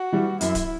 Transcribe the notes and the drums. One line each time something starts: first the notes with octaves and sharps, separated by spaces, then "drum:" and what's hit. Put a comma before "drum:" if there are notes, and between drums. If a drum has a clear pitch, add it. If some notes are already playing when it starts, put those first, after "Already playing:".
Already playing: F#4
E3 G3
F#2 E4, drum: hi-hat
drum: kick D1, hi-hat